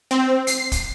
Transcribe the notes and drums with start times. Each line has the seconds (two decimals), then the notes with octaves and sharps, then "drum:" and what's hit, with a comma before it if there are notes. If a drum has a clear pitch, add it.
0.11 C4
0.47 C7, drum: hi-hat
0.72 drum: kick, hi-hat